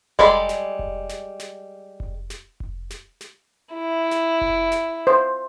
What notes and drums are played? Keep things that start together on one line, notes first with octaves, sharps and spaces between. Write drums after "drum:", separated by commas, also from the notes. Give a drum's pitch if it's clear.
G3 G#3 A4 D5 B5, drum: kick F1
drum: snare
drum: kick F1
drum: snare
drum: snare
drum: kick F1
drum: snare
drum: kick F1
drum: snare
drum: snare
E4
drum: snare
drum: kick F1
drum: snare
C5